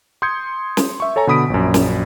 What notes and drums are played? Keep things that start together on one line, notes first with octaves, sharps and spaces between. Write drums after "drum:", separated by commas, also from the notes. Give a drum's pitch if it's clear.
C6 D#6 G6 G#6 C#7
drum: snare
E5 C#6
A4 C#5 G#5 A#5
B2 D3 B5 D#6 B6 D7
A#1 F#2
drum: snare